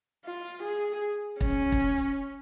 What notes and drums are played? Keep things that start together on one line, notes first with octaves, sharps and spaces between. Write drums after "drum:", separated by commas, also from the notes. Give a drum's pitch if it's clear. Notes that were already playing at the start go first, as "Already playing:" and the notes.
F4
G#4
C#4, drum: kick
drum: kick